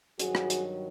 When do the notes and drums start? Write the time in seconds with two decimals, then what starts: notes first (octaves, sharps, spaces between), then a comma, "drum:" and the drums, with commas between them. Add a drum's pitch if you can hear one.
0.19 G2 D#3 F#3 F#4 G#4, drum: hi-hat
0.35 drum: rim click
0.50 drum: hi-hat